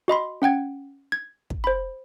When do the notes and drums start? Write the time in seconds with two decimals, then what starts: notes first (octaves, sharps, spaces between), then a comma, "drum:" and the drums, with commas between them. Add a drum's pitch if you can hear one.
0.08 F#4 D#5 B5 C6
0.42 C#4 F#5 G5 G#6
1.12 G#6
1.50 drum: kick
1.64 C5 B5